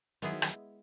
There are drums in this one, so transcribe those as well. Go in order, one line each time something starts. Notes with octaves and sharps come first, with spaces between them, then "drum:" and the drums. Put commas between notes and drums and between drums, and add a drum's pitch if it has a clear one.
D#3 F#3 G#3 B3 E4 G#4
drum: rim click